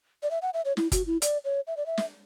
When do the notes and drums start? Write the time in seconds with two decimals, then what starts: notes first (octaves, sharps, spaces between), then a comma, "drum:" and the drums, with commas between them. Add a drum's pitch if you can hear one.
0.23 D5
0.30 E5
0.42 F#5
0.53 E5
0.65 C#5
0.77 E4, drum: snare
0.92 F#4, drum: kick, hi-hat
1.07 E4
1.22 D5, drum: hi-hat
1.44 C#5
1.67 E5
1.77 D5
1.86 E5
1.98 drum: snare